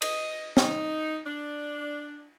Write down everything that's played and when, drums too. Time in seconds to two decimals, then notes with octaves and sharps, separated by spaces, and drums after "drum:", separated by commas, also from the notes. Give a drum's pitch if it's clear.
0.02 D#5, drum: cymbal
0.57 D#4, drum: snare
1.27 D4